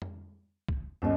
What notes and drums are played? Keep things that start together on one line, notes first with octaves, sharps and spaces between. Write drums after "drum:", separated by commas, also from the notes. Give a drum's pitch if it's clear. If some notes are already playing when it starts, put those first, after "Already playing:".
drum: tom F2
drum: kick
G1 D#2 C#4 D#5